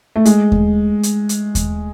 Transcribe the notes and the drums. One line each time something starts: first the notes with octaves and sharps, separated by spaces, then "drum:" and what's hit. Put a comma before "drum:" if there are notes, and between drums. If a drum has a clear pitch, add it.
A3
G#3, drum: hi-hat
drum: kick D#2
drum: hi-hat
drum: hi-hat
drum: kick D#2, hi-hat